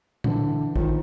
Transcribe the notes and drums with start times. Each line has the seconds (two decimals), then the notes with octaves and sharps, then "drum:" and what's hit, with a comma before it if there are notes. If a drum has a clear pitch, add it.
0.24 D3 E3, drum: tom A#2
0.76 D#3 F3, drum: kick